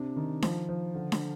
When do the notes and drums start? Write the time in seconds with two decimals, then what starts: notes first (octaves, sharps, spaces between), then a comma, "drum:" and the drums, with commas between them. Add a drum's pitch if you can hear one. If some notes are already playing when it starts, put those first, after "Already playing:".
Already playing: C3 D4
0.16 D#3
0.42 F3, drum: snare D4
0.69 F3
0.95 D3
1.12 drum: snare D4